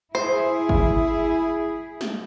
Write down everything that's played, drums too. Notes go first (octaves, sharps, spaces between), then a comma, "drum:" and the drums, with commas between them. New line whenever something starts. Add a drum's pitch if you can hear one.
E4 G#4 C5
drum: kick G1
drum: snare